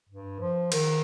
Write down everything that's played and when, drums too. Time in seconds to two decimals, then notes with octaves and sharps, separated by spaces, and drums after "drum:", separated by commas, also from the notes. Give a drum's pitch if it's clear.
0.09 G2
0.40 F3
0.72 D#3, drum: cymbal